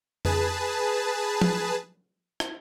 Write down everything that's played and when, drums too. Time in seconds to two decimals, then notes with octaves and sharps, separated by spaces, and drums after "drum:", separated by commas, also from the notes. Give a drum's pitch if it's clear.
0.25 G#4 B4 A5, drum: tom F2
1.41 drum: tom
2.40 drum: rim click